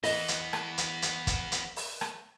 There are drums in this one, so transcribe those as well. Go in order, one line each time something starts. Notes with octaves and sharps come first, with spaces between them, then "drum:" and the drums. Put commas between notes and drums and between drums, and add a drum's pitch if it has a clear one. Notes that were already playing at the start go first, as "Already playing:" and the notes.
E3 B3 D#5, drum: open hi-hat
drum: hi-hat
drum: rim click
drum: hi-hat
drum: hi-hat
drum: kick, hi-hat
drum: hi-hat
drum: open hi-hat
drum: rim click